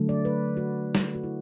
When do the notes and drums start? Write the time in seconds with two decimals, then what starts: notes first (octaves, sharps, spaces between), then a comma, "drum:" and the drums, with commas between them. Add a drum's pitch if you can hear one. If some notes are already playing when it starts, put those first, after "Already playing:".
Already playing: D3 F#3 A3
0.09 D5
0.25 B4
0.57 F#4
0.95 drum: snare
1.15 F#4
1.23 E4